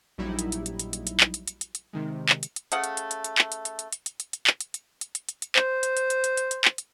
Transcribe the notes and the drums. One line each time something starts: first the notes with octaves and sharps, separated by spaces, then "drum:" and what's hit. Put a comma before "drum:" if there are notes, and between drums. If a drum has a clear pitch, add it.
A#1 F#3 G3 D#4 E4
drum: hi-hat
drum: hi-hat
drum: hi-hat
drum: hi-hat
drum: hi-hat
drum: hi-hat
drum: clap
drum: hi-hat
drum: hi-hat
drum: hi-hat
drum: hi-hat
C3 D#3 G#3
drum: clap
drum: hi-hat
drum: hi-hat
C#3 A3 F#5, drum: hi-hat
drum: hi-hat
drum: hi-hat
drum: hi-hat
drum: hi-hat
drum: clap
drum: hi-hat
drum: hi-hat
drum: hi-hat
drum: hi-hat
drum: hi-hat
drum: hi-hat
drum: hi-hat
drum: clap
drum: hi-hat
drum: hi-hat
drum: hi-hat
drum: hi-hat
drum: hi-hat
drum: hi-hat
C5, drum: clap
drum: hi-hat
drum: hi-hat
drum: hi-hat
drum: hi-hat
drum: hi-hat
drum: hi-hat
drum: clap
drum: hi-hat